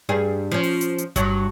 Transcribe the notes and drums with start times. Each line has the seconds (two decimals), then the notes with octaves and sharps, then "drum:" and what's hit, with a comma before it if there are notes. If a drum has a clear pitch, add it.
0.09 G2 G3 G#4
0.52 F3 C#4
0.63 drum: open hi-hat
0.81 drum: hi-hat
0.98 drum: hi-hat
1.16 G2 F#3, drum: kick G1, hi-hat